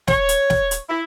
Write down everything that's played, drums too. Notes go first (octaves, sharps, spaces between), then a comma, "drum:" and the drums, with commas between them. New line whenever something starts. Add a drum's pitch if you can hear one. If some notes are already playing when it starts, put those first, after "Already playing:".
C#5, drum: snare
drum: hi-hat
drum: snare
drum: hi-hat
E4